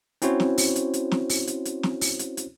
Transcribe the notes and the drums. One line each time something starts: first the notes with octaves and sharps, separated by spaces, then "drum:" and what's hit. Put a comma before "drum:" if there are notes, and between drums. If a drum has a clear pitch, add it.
C4 C#4 E4 F#4 C5 C#5, drum: hi-hat
drum: snare
drum: open hi-hat
drum: hi-hat
drum: hi-hat
drum: snare
drum: open hi-hat
drum: hi-hat
drum: hi-hat
drum: snare
drum: open hi-hat
drum: hi-hat
drum: hi-hat